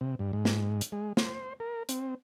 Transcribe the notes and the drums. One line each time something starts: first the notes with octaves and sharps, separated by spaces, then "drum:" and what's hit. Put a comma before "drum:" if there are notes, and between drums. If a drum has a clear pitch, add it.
C3
G2
G#2
drum: snare
drum: hi-hat
G#3
C5, drum: snare
A#4
C4, drum: hi-hat